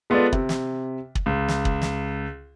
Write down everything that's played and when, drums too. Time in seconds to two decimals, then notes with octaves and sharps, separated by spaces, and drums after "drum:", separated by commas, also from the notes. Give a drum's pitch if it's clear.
0.10 G#3 B3 F4 A4 B4 D5
0.33 C3, drum: kick
0.49 drum: snare
1.15 drum: kick
1.26 C#2
1.48 drum: snare
1.65 drum: kick
1.82 drum: snare